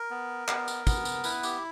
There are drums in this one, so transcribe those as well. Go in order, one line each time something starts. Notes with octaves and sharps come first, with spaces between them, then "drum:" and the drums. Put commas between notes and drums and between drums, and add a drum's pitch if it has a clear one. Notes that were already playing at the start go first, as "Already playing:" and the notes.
Already playing: A#4
B3
B3, drum: clap
drum: tambourine
B3, drum: kick, tambourine
drum: tambourine
E4 B4, drum: tambourine
G4, drum: tambourine